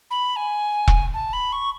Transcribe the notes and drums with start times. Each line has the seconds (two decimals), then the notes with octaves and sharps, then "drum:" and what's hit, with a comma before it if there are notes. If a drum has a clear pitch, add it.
0.10 B5
0.36 G#5
0.88 drum: kick E1
1.13 A5
1.33 B5
1.52 C#6